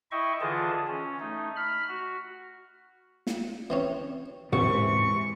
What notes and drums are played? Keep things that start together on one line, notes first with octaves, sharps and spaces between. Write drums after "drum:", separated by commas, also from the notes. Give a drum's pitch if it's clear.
E4 D#5 E5 G5 C#6
D3 E3 F4 G#4 D#5 A5
C#4
A3 D#4
B5 F6
F#4
drum: snare
E3 C4 C#4
D#2 C3 E3 G#3 C#6, drum: tom